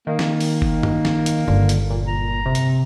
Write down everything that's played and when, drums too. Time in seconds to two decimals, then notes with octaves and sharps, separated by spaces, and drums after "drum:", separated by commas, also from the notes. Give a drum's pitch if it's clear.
0.07 D#3 A#3
0.19 drum: snare
0.40 drum: open hi-hat
0.62 drum: kick G1
0.83 drum: tom G2
1.05 drum: snare
1.26 drum: hi-hat
1.48 G1 D3
1.69 drum: hi-hat
1.90 A#2
2.07 A#5
2.46 C3
2.55 drum: hi-hat